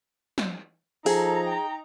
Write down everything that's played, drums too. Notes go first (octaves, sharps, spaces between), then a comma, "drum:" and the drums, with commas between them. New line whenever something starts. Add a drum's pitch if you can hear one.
drum: snare
F3 D#4 G#4 A4 A#5, drum: open hi-hat
G5